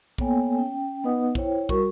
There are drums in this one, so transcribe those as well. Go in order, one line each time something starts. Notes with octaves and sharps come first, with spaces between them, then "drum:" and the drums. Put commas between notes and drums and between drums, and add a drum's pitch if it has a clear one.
A#3 B3 A4 C#5 G5 G#5, drum: kick
C#4 G5
B3 D#4 B4 D#5 F#5 D#6
E4 C5 C#5 G5, drum: kick
G3 F#4 A#4 C#6, drum: kick